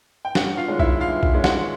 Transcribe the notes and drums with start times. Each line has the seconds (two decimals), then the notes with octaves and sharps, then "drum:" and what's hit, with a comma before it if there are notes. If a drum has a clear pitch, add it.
0.25 G5
0.35 G2 F#4 F#5, drum: snare
0.57 F4 F5
0.68 D#3 G#3 C#4
0.79 E4 E5, drum: kick B1
1.00 G2 F4 F5
1.23 drum: kick B1
1.33 D#3 G#3 C#4
1.44 F#4 F#5, drum: snare